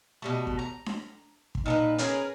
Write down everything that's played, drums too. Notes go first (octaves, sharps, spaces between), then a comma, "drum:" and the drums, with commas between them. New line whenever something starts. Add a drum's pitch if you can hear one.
B2 G3 A3
drum: kick
A#5
drum: snare D4
drum: kick
A#2 D#4 A4 B4
C#4 G#4 A#4 B4, drum: hi-hat